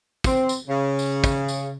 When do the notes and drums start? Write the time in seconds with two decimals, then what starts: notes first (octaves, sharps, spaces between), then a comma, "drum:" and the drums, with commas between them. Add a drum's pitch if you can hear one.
0.24 C4, drum: kick, tambourine
0.49 drum: tambourine
0.67 C#3
0.99 drum: tambourine
1.24 drum: kick, tambourine
1.48 drum: tambourine